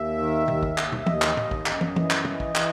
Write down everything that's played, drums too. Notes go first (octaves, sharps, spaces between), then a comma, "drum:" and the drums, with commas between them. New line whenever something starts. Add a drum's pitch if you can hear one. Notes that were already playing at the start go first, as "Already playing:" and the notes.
Already playing: D#2 E5
D#3
D#2, drum: tom
drum: kick
D#2, drum: clap
drum: tom
D#2 D#5, drum: tom
drum: clap
D#2, drum: tom A2
drum: kick
F#2, drum: clap
drum: tom
E3, drum: tom
drum: clap
E3, drum: tom
drum: kick
E3, drum: clap